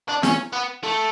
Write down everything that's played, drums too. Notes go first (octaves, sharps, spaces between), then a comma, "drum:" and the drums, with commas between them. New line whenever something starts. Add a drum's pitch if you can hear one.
D4
C#4, drum: snare
B3
A3